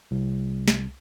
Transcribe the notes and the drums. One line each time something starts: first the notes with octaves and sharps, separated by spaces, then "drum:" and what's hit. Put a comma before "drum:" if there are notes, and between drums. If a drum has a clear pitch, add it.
C2
drum: snare